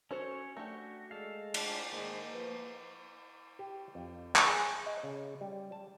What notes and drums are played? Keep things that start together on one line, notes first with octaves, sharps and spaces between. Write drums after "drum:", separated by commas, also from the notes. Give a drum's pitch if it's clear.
C#4 F#4 A4 C5 C#5
A3 D4 F#4 G4
G#3 A4 F5
D4 F4 A5, drum: cymbal
G#2 D#3 A#3
F3 B4
G4
F2
drum: clap
G#4
D#5
C#3
G3
A5